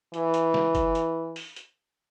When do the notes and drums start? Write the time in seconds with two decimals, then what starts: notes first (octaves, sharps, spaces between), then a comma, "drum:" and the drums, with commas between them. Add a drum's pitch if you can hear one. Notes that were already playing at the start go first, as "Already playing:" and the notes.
0.14 E3, drum: hi-hat
0.34 drum: hi-hat
0.54 drum: snare
0.75 drum: kick, hi-hat
0.95 drum: hi-hat
1.36 drum: open hi-hat
1.56 drum: hi-hat